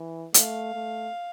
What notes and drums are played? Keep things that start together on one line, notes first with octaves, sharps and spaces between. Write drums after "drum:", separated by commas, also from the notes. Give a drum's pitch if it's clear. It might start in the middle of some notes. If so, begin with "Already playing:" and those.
Already playing: E3
A3 F5, drum: hi-hat
A3